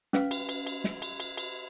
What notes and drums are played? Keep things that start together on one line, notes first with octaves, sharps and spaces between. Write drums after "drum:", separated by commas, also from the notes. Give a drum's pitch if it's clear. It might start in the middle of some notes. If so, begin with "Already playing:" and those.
C#4 B4 F5, drum: snare
drum: cymbal
drum: cymbal
drum: cymbal
drum: snare
drum: cymbal
drum: cymbal
drum: cymbal